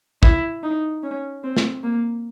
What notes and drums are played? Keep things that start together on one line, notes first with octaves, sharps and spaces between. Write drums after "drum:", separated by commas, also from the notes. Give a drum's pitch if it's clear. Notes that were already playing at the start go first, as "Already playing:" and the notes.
E4, drum: kick
D#4
C#4
C4
drum: snare
A#3